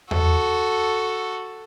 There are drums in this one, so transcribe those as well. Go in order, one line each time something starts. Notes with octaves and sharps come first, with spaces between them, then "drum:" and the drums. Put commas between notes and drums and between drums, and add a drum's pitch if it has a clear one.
F#4 A4, drum: tom E2